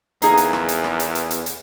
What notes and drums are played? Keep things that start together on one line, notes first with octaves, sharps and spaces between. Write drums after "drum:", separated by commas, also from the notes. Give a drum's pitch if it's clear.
E2 A#3 D#4 G#4, drum: hi-hat
drum: hi-hat
drum: rim click
drum: hi-hat
drum: rim click
drum: hi-hat
drum: hi-hat
drum: hi-hat
drum: hi-hat